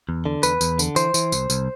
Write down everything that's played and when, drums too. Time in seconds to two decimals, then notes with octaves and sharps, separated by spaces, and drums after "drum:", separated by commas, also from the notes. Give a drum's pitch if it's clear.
0.09 E2
0.25 D3
0.43 E2 B4, drum: tambourine
0.61 E2, drum: tambourine
0.79 D3, drum: tambourine
0.96 E3 C5, drum: tambourine
1.14 E3, drum: tambourine
1.32 C2, drum: tambourine
1.50 C2, drum: tambourine